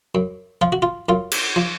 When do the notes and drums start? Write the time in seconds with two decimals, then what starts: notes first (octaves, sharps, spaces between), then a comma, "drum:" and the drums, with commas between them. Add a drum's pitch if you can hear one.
0.15 F#2
0.61 F3 F4
0.72 F#4
0.82 F4
1.09 F#2 F4
1.32 drum: cymbal
1.56 F3